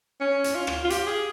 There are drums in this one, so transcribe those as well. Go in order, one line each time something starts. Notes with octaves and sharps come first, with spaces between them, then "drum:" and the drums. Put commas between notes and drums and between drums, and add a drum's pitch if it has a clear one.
C#4
drum: hi-hat
F4
drum: rim click
F4
G4, drum: hi-hat
G#4